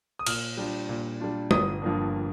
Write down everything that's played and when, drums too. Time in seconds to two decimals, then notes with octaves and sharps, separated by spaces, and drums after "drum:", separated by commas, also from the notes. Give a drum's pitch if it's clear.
0.19 D#6
0.27 A#2 F6, drum: cymbal
0.57 G3 D4 F4
0.89 A#2
1.20 G3 D4 F4
1.51 G1 D#6, drum: tom G3
1.82 G2 F3 A#3 D4